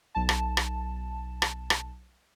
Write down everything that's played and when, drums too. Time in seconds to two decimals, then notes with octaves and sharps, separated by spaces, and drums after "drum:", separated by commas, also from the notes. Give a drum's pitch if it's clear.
0.15 B1 A5
0.29 drum: rim click
0.57 drum: rim click
1.42 drum: rim click
1.70 drum: rim click